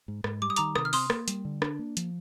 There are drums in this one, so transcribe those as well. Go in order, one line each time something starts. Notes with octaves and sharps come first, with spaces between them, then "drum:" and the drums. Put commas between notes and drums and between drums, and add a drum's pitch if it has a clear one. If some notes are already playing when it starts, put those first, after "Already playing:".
G#2
G#2, drum: rim click
G3 D6
D#6
D#3 A#5 D6, drum: hi-hat
C3 D#6, drum: rim click
F6
C4 C6 D#6, drum: open hi-hat
A#3, drum: rim click
G3, drum: hi-hat
D3
D4, drum: rim click
A#3
F3, drum: hi-hat